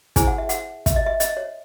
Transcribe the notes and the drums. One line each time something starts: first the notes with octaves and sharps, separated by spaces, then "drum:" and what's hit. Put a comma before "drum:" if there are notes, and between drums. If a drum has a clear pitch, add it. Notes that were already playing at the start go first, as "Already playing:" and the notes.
E4 G#4 C5 G#5, drum: kick, hi-hat
F#5
E5
F#5, drum: hi-hat
E5, drum: kick, hi-hat
D#5
E5
D#5, drum: hi-hat
C#5